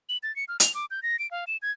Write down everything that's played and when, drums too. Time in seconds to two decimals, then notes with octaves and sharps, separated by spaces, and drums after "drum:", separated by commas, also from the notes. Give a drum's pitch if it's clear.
0.09 F#7
0.23 A6
0.36 C#7
0.48 F6
0.60 F7, drum: hi-hat
0.75 D6
0.91 G6
1.03 A#6
1.19 D7
1.31 F5
1.47 E7
1.62 G#6